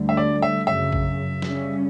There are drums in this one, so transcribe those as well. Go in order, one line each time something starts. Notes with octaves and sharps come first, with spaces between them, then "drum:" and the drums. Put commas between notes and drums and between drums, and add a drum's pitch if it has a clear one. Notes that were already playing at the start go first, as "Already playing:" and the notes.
Already playing: D2 D3 G3
E5
D5
E5
F#2 C#3 F#3 E5
drum: kick A#1
C#3 G3 C#4, drum: snare